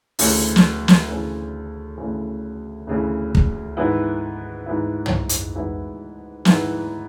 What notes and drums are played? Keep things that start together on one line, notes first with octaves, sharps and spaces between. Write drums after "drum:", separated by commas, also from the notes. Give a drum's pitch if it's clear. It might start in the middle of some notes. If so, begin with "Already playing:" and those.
D2 C#3 E3, drum: open hi-hat
drum: snare
drum: snare
D2 C#3 E3
D2 C#3 E3
D2 C#3 E3
drum: kick
G#2 E3 B3 E4
G#2 E3 B3 E4
drum: tom
drum: hi-hat
G#2 E3 B3 E4
G#2 E3 B3 E4, drum: snare